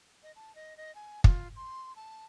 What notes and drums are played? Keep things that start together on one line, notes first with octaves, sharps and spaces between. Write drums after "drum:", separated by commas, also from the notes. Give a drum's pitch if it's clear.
D#5
A5
D#5
D#5
G#5
F4, drum: kick
C6
A5